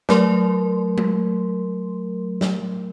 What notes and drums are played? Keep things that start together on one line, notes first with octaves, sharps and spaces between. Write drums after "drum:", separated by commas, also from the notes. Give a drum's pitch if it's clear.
F#3 A3 A#4 C6, drum: snare
drum: tom G#3
drum: snare